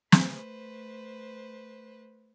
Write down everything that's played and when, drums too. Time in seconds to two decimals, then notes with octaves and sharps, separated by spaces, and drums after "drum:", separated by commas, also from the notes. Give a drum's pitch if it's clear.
0.12 A3 B4 C5, drum: snare